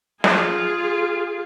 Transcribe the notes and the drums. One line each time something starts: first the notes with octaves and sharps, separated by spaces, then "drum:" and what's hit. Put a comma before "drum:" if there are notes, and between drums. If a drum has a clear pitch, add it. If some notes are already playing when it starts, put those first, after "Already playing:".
F4 G#4, drum: snare